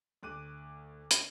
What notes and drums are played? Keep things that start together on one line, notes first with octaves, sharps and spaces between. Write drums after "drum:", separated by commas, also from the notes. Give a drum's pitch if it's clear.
D2 D6 F#6 D#7
drum: hi-hat